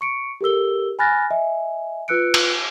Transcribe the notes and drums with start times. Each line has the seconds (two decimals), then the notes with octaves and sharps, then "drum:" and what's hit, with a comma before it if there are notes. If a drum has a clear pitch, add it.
0.01 C#6 C#7 D7
0.41 G4 A4 A#4 E6 G7
0.99 G#5 B5 F6 F#6 A6 A#6
1.31 D#5 E5 G#5
2.08 F4 B4 E6 F#6 C#7 D7
2.34 drum: cymbal